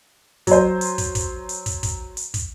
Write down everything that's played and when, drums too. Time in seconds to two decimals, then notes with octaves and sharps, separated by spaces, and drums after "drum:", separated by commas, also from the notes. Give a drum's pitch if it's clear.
0.47 F#3 C5, drum: kick, hi-hat
0.81 drum: hi-hat
0.98 drum: kick, hi-hat
1.15 drum: kick, hi-hat
1.49 drum: hi-hat
1.66 drum: kick, hi-hat
1.83 drum: kick, hi-hat
2.17 drum: hi-hat
2.34 drum: kick, hi-hat